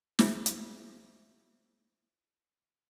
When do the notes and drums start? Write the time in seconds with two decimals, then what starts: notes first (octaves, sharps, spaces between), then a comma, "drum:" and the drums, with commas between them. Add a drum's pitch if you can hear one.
0.19 D4 E4 F4 G#4 C5 E5, drum: snare
0.46 drum: hi-hat